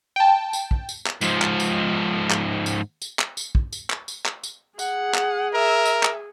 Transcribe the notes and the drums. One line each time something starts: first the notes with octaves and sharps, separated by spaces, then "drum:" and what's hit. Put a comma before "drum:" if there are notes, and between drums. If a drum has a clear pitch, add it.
G5 A5
drum: tambourine
drum: kick
drum: tambourine
drum: clap
G#2 F3, drum: tambourine
drum: clap
drum: tambourine
drum: clap
drum: tambourine
drum: tambourine
drum: clap
drum: tambourine
drum: kick
drum: tambourine
drum: clap
drum: tambourine
drum: clap
drum: tambourine
G#4 F#5, drum: tambourine
drum: clap
A#4 E5
drum: tambourine
drum: clap